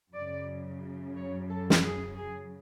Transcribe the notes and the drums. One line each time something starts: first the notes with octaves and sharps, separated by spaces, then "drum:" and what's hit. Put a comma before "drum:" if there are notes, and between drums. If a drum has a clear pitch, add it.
F#2 C#3 F#3 D5
C#5
A4
drum: snare
G#4
G#4